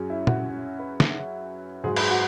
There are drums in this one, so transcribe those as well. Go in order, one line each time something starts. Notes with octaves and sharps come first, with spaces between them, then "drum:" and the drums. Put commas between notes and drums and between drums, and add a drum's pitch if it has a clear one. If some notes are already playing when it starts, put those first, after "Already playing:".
Already playing: F#2 F#3 C#4 G#4
E4
F#4, drum: tom
B4
drum: snare
G#2 F#3 G#4
B4, drum: cymbal
G#4
F#4